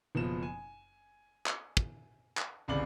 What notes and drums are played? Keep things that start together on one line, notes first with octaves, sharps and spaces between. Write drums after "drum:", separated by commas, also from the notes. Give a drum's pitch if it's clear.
F#1 B2 F3 E7
G#5
drum: clap
drum: kick
drum: clap
G1 C2 C#3 D5 F#7